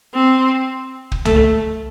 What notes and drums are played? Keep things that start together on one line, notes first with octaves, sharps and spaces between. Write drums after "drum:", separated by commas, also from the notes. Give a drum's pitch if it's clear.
C4
drum: kick
A3, drum: tom C2